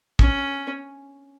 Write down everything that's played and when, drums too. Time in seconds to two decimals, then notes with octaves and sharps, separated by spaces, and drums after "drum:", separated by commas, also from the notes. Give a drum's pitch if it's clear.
0.19 C#4, drum: kick